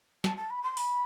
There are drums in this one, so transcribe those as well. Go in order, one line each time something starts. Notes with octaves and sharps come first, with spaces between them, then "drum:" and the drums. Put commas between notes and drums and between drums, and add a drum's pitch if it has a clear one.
A5, drum: snare
A5
B5
C6
B5, drum: open hi-hat